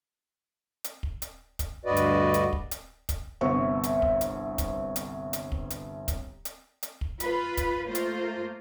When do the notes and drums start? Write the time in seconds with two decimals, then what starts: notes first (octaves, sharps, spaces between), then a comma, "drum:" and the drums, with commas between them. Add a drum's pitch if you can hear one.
0.84 drum: hi-hat
1.03 drum: kick
1.22 drum: hi-hat
1.59 drum: kick, hi-hat
1.85 D2 G2 F#4 B4 D5 D#5
1.97 drum: hi-hat
2.34 drum: hi-hat
2.53 drum: kick
2.71 drum: hi-hat
3.09 drum: kick, hi-hat
3.41 G1 C2 B3 C5 E5 C#6
3.83 drum: hi-hat
4.02 drum: kick
4.21 drum: hi-hat
4.58 drum: kick, hi-hat
4.96 drum: hi-hat
5.33 drum: hi-hat
5.52 drum: kick
5.70 drum: hi-hat
6.08 drum: kick, hi-hat
6.45 drum: hi-hat
6.83 drum: hi-hat
7.01 drum: kick
7.20 F4 B4, drum: hi-hat
7.57 drum: kick, hi-hat
7.86 A3 A#3 F4 C5
7.95 drum: hi-hat